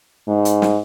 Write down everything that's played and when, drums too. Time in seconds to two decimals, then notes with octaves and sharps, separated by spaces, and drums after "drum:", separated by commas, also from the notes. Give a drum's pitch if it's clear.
0.28 G#2
0.45 drum: hi-hat
0.62 drum: snare